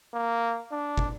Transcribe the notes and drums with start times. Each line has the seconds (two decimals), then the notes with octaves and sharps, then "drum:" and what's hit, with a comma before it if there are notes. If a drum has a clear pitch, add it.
0.14 A#3
0.72 D4
0.97 drum: kick